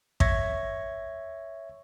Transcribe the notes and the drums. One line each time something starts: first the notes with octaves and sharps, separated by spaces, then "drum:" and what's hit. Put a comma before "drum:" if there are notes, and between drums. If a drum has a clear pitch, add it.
C#5 E5 C#6 G#6 A#6, drum: kick